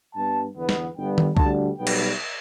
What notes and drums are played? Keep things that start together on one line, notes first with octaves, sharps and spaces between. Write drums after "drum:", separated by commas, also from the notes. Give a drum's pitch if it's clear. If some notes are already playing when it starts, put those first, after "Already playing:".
G2 G3 B3 A5
E2 D3 B3
drum: snare
G1 G2 G3 B3 G5
drum: tom D#3
D2 D3 G3 A5, drum: kick
B1 B2 G3 B3 G5
drum: cymbal